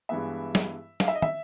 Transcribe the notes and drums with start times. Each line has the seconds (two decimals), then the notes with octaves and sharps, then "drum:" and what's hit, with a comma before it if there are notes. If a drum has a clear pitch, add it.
0.09 G2 E3 G#3 B3 E5
0.55 drum: snare
1.00 F5, drum: snare
1.08 E5
1.15 D#5
1.22 E5, drum: tom